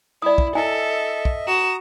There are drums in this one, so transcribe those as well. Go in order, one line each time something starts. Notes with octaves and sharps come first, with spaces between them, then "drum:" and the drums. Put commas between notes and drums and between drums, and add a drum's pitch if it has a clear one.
E4 D5 D#6
drum: kick
E4 A4 D#5 E5 G#5
drum: kick
F#4 A#5 D#6 E7